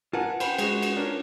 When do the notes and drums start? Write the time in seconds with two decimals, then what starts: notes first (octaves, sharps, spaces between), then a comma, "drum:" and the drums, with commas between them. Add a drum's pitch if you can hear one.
0.13 F4 A#4 B4 F#5 G#5 A5
0.40 C5 G5 B5, drum: cymbal
0.58 G#3 F#4, drum: cymbal
0.82 drum: cymbal
0.96 C#4 D4 A#4